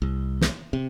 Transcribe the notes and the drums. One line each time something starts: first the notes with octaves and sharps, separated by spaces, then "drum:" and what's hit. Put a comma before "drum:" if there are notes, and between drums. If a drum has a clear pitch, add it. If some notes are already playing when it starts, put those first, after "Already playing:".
C2
drum: snare
C3